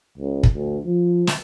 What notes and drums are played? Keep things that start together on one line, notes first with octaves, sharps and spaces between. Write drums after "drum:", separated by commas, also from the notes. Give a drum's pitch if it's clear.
C#2
drum: kick
D2
F3
drum: snare